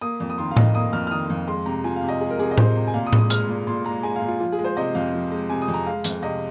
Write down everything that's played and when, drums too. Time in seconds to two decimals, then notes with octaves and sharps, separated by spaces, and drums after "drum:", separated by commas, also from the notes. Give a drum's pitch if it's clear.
0.01 A#3 D#6
0.20 F2
0.30 D#6
0.38 D#3 C6
0.51 F5
0.56 F2 D#5, drum: tom A2
0.75 A#3 D#6
0.93 F2 F6
1.07 F6
1.11 D#3 D#6
1.30 F2
1.48 G#3 C6
1.66 C3 A#5
1.84 F3 G#5
1.96 F5
2.03 C3
2.08 D#5
2.21 G#3 G#4
2.30 A#4
2.39 C3 G#4
2.51 D#5
2.58 F3 C5, drum: tom A2
2.76 C3
2.87 G#5
2.94 A#2 F5
3.06 D#6
3.13 G#3, drum: tom A2
3.18 D#6
3.30 G#3 F6, drum: hi-hat
3.49 A#2
3.67 A#2 C6
3.85 G#3 A#5
4.03 G#3 G#5
4.16 F5
4.22 A#2
4.28 F4
4.40 F3 F4
4.52 G#4
4.59 G#3
4.64 C5
4.77 C3 D#5
4.95 F2 F5
5.13 F3
5.31 G#3
5.50 C3 G#5
5.62 D#6
5.68 F2
5.74 A#5
5.86 G#3 F5
6.04 F2, drum: hi-hat
6.22 C3 D#5